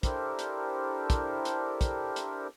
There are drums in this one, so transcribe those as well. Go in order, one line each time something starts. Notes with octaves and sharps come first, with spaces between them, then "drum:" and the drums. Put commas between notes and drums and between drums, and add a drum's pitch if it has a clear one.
D4 E4 G4 A4 A#4 C5, drum: kick, hi-hat
drum: hi-hat
drum: kick, hi-hat
drum: hi-hat
drum: kick, hi-hat
drum: hi-hat